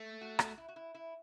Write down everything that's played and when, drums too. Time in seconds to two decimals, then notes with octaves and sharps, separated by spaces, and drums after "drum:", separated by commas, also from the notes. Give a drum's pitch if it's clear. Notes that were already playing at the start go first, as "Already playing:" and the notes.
Already playing: A3
0.21 F#4
0.39 F#4, drum: rim click
0.58 E4
0.68 F#4
0.76 E4
0.95 E4